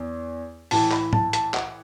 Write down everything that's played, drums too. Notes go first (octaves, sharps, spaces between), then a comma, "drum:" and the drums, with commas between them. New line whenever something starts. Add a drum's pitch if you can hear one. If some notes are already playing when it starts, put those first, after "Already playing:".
Already playing: E2
A2 E3 A5, drum: open hi-hat
B5, drum: clap
A5, drum: tom
A5, drum: hi-hat
F#5, drum: clap